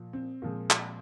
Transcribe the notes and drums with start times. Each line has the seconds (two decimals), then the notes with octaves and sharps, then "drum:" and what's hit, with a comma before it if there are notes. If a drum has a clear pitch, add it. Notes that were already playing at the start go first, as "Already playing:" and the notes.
Already playing: A#2 F3
0.13 C4
0.42 A#2 F3 G#3
0.71 drum: clap